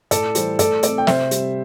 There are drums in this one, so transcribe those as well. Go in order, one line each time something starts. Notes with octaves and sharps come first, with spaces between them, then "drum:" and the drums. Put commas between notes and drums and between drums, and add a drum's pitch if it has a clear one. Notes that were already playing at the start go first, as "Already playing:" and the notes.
A2 A4 D5, drum: hi-hat
E3 G3 G4 C5, drum: hi-hat
A2 A4 D5, drum: hi-hat
A3 C4 A4 D5, drum: hi-hat
G5
C3 C5 E5, drum: snare
G3 C4, drum: hi-hat